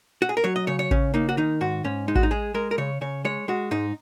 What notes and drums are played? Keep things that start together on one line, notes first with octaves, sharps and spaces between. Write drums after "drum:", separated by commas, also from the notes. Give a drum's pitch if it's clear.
F#4
G#4
A#4
F#3 C#5
D#5
C#3 C#5
C#5
C#3 C#4, drum: kick A1
A#3 D#4
F#4
D#3 D#4
G#2 F#4
G#2 C#4
G#3 D#4
F#4, drum: kick A1
D#4
G#3 G#4
G#3 A#4
A#4
C#3 C#5
C#3 C#5
G#3 C#5
G#3 F#4
G#2 D#4